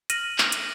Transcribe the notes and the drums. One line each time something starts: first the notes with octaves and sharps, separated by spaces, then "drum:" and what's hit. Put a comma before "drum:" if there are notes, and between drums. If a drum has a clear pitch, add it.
F6 A#6 D#7 F#7, drum: hi-hat
drum: clap
drum: hi-hat